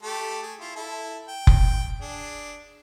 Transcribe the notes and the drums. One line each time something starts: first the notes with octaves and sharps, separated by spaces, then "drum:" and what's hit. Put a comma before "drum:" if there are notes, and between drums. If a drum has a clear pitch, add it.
A3 G4 A4
G#4
E4 F4
E4 A4
G5
drum: kick F1
D4 G#4